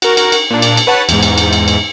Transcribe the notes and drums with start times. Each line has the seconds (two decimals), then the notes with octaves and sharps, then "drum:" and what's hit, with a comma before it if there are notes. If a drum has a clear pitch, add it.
0.02 F#4 A#4, drum: cymbal
0.17 drum: cymbal
0.32 drum: cymbal
0.50 A#2 D4
0.62 drum: cymbal
0.77 drum: cymbal
0.87 B4 C#5 F#5 A5
1.09 E2 G#2, drum: cymbal
1.23 drum: cymbal
1.38 drum: cymbal
1.53 drum: cymbal
1.68 drum: cymbal